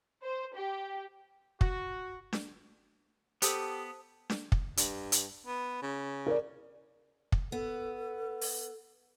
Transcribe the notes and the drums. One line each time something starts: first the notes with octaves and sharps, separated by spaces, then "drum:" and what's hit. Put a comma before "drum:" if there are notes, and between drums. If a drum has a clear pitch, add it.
C5
G4
F#4, drum: kick
drum: snare D4
B3 G4 A4 C5 A5 D#6, drum: hi-hat
drum: snare D4
drum: kick
G2, drum: hi-hat
drum: hi-hat
B3
C#3
A#4 D5
drum: kick
B3 A4
drum: open hi-hat